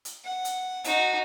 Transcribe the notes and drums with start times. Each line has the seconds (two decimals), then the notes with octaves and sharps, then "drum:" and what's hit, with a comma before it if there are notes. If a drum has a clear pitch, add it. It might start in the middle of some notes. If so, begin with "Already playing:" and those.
0.05 drum: hi-hat
0.24 F#5
0.45 drum: hi-hat
0.84 D#4 F#4, drum: hi-hat